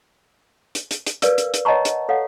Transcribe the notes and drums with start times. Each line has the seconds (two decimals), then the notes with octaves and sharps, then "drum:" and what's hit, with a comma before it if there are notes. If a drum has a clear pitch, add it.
0.75 drum: hi-hat
0.91 drum: hi-hat
1.06 drum: hi-hat
1.22 A#4 B4 D5 F5 E6, drum: hi-hat
1.38 drum: hi-hat
1.54 drum: hi-hat
1.65 C#5 D#5 F#5 A5 A#5 C#6
1.85 drum: hi-hat
2.09 A4 C#5 F5 F#5